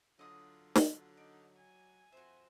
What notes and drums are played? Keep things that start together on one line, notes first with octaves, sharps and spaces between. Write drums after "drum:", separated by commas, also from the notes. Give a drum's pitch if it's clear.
D3 F#3 F4 D#5 D#6
drum: snare
D#4 D5
G#5
F2 F#4 C5 E5